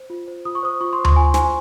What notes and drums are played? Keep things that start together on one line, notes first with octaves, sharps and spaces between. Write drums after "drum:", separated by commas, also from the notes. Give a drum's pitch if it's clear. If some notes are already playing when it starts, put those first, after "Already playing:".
Already playing: C5
F4
C5
F4 D#6
C#6
C5 D#6
F4 C#6
C6
C5
C6, drum: tom D2
F4 G#5
C5 G#5, drum: snare